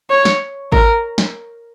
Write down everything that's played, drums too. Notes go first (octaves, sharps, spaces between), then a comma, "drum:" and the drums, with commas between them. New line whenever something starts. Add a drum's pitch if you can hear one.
C#5
drum: snare
A#4, drum: kick G#1
drum: snare